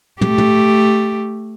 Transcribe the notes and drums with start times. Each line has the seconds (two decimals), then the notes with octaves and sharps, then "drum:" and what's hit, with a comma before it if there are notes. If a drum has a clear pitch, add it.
0.21 A3 G4, drum: tom
0.38 drum: tom